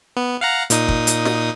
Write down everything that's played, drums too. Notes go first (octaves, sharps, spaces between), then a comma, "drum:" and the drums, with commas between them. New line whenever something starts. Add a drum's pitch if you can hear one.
B3
F5 F#5 A#5
A#2 D#4 D#6, drum: hi-hat
drum: kick
drum: hi-hat
drum: snare